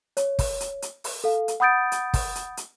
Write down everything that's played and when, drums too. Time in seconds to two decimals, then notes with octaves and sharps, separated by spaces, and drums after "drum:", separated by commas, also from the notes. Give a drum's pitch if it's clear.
0.17 C#5, drum: hi-hat
0.39 drum: kick, open hi-hat
0.60 drum: hi-hat
0.82 drum: hi-hat
1.04 drum: open hi-hat
1.24 A4 F5
1.48 drum: hi-hat
1.60 F#5 B5 D#6 G6 A6 D7
1.92 drum: hi-hat
2.14 drum: kick, open hi-hat
2.35 drum: hi-hat
2.57 drum: hi-hat